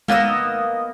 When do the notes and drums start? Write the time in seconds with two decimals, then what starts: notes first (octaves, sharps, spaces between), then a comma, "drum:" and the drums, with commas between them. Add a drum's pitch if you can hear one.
0.08 A#3 B3 D#5 E6, drum: tom G#3